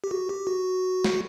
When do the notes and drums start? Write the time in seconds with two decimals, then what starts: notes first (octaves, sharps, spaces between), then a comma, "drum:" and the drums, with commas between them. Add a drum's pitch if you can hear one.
0.04 G4
0.11 F#4
0.29 G4
0.47 F#4
1.04 drum: snare